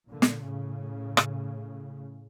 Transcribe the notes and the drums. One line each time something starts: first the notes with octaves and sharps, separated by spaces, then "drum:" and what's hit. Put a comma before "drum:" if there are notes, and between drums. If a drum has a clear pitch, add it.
A#2 D3
drum: snare
A2 C#3
drum: rim click